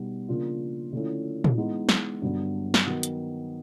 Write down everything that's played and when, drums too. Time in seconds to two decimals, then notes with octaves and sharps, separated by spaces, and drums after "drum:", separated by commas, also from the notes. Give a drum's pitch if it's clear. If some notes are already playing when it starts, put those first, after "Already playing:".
Already playing: B2 G3 B3 D#4
0.28 C#3 F3 A#3 D4 F4
0.92 D3 F3 A3 C#4 E4
1.44 drum: tom
1.57 E3 G#3 B3 D#4
1.89 drum: snare
2.22 G2 D3 F#3 B3 D4
2.74 drum: snare
2.86 D#3 F#3 B3
3.03 drum: hi-hat